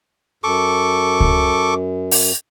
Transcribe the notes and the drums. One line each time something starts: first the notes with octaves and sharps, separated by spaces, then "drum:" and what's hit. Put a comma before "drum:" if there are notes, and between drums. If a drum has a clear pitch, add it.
F#2 A4 C#6 D6
drum: kick C#2
drum: open hi-hat